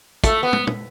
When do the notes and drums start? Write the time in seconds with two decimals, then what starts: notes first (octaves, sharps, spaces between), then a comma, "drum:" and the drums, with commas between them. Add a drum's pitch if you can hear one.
0.24 A3, drum: kick, hi-hat
0.43 B3
0.53 drum: tom
0.67 drum: tom